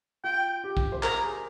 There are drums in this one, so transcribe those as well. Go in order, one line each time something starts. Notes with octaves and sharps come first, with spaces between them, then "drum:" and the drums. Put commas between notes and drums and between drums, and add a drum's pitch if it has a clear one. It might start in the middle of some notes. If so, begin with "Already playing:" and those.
F4 G5
G4
drum: kick
C5
A#4 A#5, drum: clap
G#4